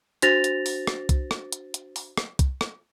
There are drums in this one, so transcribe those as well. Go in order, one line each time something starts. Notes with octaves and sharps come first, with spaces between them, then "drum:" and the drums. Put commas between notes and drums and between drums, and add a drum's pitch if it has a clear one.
D4 F#4 C5 A6 A#6 F7, drum: hi-hat
drum: hi-hat
drum: open hi-hat
drum: rim click
drum: kick C2, hi-hat
drum: rim click
drum: hi-hat
drum: hi-hat
drum: open hi-hat
drum: rim click
drum: kick C2, hi-hat
drum: rim click